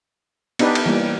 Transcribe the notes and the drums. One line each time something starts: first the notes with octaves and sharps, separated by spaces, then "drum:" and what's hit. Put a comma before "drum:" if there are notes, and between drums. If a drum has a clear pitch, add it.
B3 D4 D#4 G4 B4, drum: cymbal
drum: cymbal
E3 G3 A#3